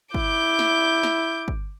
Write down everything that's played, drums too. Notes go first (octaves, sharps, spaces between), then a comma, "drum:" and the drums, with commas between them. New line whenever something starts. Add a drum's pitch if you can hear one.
E4 D6 G6, drum: kick G1
drum: snare
drum: snare
drum: kick G1